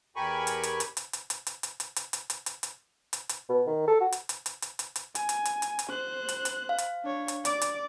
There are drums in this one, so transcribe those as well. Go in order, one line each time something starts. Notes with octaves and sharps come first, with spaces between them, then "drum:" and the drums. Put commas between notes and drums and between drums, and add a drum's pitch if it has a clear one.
E2 G4 A#4 G#5 B5 C#6
drum: hi-hat
drum: hi-hat
drum: hi-hat
drum: hi-hat
drum: hi-hat
drum: hi-hat
drum: hi-hat
drum: hi-hat
drum: hi-hat
drum: hi-hat
drum: hi-hat
drum: hi-hat
drum: hi-hat
drum: hi-hat
drum: hi-hat
drum: hi-hat
B2
D#3
A4
F#4
drum: hi-hat
drum: hi-hat
drum: hi-hat
drum: hi-hat
drum: hi-hat
drum: hi-hat
G#5, drum: hi-hat
drum: hi-hat
drum: hi-hat
drum: hi-hat
drum: hi-hat
C5 F#6
drum: hi-hat
drum: hi-hat
F5
drum: hi-hat
D4 C#5
drum: hi-hat
D5 D6, drum: hi-hat
drum: hi-hat